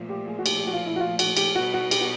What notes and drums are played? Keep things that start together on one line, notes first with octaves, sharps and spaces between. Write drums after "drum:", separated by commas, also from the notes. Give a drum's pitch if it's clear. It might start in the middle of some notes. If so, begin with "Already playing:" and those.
Already playing: A#2 F3 A3
G4
G#4
F#4
G4, drum: cymbal
G4
F#4
F4
E4
F#4
F4
F#4, drum: cymbal
G4, drum: cymbal
B2 G3 B3 D#4 F#4
F#4
G4, drum: cymbal
F#4